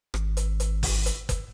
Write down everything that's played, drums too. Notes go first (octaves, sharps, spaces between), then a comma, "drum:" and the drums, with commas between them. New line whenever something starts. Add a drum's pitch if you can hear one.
G#1, drum: rim click
drum: hi-hat
drum: hi-hat
drum: kick F#1, open hi-hat
drum: hi-hat
drum: kick F#1, hi-hat